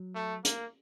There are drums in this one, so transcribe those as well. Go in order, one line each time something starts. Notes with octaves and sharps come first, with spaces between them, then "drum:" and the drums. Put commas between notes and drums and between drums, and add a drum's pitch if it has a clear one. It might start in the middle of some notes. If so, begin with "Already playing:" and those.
Already playing: F#3
A3
A#3, drum: hi-hat